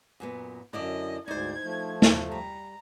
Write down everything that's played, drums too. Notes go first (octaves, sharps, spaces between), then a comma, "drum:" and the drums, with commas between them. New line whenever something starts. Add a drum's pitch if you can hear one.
F#2 A#2 B3
F#2 D3 E4 D5 D#5
D2 G#2 D#4 C5 D5 G#6
F3 A3
drum: snare
G3 A#5